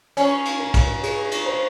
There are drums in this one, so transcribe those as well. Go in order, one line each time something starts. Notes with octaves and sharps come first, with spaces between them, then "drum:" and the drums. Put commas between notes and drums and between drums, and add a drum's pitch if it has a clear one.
C#4, drum: cymbal
drum: cymbal
A#4
drum: kick, cymbal
G#4, drum: cymbal
drum: cymbal
C5